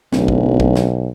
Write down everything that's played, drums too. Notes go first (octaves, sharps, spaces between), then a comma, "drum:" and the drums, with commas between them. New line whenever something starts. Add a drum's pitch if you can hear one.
D1 B1, drum: snare
drum: kick
drum: kick
drum: snare